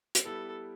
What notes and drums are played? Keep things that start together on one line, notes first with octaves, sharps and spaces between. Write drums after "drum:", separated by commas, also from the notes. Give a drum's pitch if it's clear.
drum: hi-hat
G3 B3 E4 G4 A4